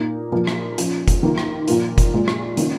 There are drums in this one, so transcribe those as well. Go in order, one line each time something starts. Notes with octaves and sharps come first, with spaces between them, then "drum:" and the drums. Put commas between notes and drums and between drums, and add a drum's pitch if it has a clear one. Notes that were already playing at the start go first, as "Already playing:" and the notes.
Already playing: A#2 A#3 D#4
A#2 F3 A#3
drum: rim click
F3 C#4 F4, drum: hi-hat
drum: kick F#1, hi-hat
D#3 A#3 F4
drum: rim click
A#2 F3 A#3 F4, drum: hi-hat
drum: kick F#1, hi-hat
A#2 G#3 F4
drum: rim click
D#3 A#3 C#4 F4, drum: hi-hat